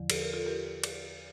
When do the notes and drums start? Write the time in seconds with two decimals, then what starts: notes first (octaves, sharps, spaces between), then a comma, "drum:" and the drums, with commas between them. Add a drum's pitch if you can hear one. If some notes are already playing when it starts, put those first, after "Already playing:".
Already playing: E2 D3 F3
0.10 A4, drum: cymbal
0.21 A#4
0.34 F4 A4
0.46 G4 A#4
0.84 drum: cymbal